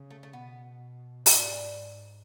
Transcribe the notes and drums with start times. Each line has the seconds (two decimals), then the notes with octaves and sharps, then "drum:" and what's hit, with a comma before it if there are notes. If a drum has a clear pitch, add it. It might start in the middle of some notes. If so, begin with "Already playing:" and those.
Already playing: C#3
0.10 A3
0.23 A3
0.33 B2 B3
1.26 G#2 D4, drum: open hi-hat